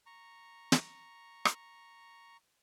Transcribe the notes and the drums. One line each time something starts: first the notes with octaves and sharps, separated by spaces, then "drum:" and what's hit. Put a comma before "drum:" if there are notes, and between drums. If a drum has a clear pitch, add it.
A#5 C#6
drum: snare
drum: rim click